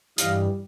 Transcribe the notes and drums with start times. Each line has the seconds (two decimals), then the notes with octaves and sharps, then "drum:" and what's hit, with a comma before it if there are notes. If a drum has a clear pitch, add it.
0.18 G2 E3 G3 D#5 F5, drum: hi-hat